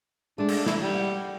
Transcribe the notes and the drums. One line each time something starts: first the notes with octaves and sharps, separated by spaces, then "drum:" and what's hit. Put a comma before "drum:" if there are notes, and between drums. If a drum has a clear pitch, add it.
G#3 A3 D4
drum: cymbal
C3 E3 A#3 E4, drum: snare
G3
F#5